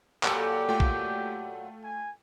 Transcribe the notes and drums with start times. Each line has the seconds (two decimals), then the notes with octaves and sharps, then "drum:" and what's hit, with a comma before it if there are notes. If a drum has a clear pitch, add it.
0.23 A#2 F#3 A#3 G4 A4 F#5 A5 E6, drum: clap
0.69 A3 F4 G5
0.80 drum: kick A#1
1.82 G#5